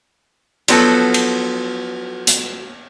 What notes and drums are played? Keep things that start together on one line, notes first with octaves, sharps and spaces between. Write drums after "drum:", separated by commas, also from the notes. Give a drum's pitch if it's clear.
F3 F#3 B3 F#4 A4, drum: cymbal
drum: cymbal
drum: hi-hat